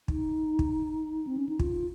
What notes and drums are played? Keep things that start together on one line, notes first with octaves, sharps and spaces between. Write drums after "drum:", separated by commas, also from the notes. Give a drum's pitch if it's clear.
D#4, drum: kick
drum: kick
C4
C#4
D#4
F4, drum: kick